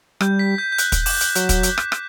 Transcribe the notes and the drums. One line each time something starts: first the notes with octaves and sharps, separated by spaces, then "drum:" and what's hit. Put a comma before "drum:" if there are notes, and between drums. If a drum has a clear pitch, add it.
G3 G6, drum: rim click
B6
G6
G6
F#6, drum: hi-hat
drum: kick, hi-hat
D6, drum: open hi-hat
drum: hi-hat
F#3, drum: hi-hat
drum: kick, hi-hat
drum: hi-hat
drum: rim click
drum: rim click